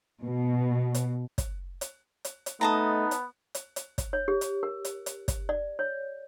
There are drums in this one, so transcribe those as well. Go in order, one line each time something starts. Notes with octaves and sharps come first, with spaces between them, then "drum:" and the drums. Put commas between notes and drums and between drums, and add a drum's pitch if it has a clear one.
B2
drum: hi-hat
drum: kick, hi-hat
drum: hi-hat
drum: hi-hat
drum: hi-hat
A3 B3 D#4 D#5 A5 A#5
drum: hi-hat
drum: hi-hat
drum: hi-hat
drum: kick, hi-hat
C#5
G4
drum: hi-hat
A#4
drum: hi-hat
drum: hi-hat
drum: kick, hi-hat
D5
C#5